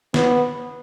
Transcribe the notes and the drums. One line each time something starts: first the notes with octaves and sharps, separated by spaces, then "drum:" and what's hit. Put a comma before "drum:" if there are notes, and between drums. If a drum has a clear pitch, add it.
B3, drum: snare